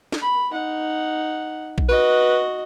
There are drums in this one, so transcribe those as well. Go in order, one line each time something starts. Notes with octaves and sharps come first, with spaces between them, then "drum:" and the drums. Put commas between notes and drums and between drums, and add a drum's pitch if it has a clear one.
drum: snare
B5
D#4 F#5
drum: kick A#1
F#4 B4 D#5